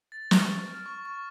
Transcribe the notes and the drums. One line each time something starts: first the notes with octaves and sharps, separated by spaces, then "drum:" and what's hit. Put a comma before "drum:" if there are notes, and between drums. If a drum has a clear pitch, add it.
A6
C#6, drum: snare
A6
F6
C#6
C#6